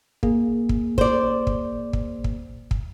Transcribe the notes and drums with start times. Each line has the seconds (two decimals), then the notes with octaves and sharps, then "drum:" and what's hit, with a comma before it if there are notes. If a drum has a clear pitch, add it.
0.23 A#3 G#4, drum: kick
0.69 drum: kick
0.98 C5 D5, drum: kick
1.47 drum: kick
1.93 drum: kick
2.24 drum: kick
2.71 drum: kick